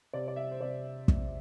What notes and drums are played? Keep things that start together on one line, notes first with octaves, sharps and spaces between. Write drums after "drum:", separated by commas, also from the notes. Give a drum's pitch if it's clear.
C3 D5
D5
E5
C5
C3 D5
drum: kick